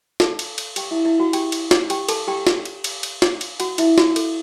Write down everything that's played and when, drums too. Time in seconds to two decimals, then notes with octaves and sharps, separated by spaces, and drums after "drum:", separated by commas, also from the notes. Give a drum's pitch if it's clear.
0.20 A4 A5, drum: snare
0.39 drum: cymbal
0.58 drum: cymbal
0.76 G4 G5, drum: cymbal
0.91 E4 E5
1.05 E4 E5
1.20 F#4 F#5
1.33 G4 G5, drum: cymbal
1.52 drum: cymbal
1.71 drum: snare
1.90 G4 G5, drum: cymbal
2.08 A4 A5, drum: cymbal
2.27 G4 G5
2.47 drum: snare
2.65 drum: cymbal
2.84 drum: cymbal
3.03 drum: cymbal
3.22 drum: snare
3.41 drum: cymbal
3.60 F#4 F#5, drum: cymbal
3.78 E4 E5, drum: cymbal
3.98 F#4, drum: snare
4.16 A4, drum: cymbal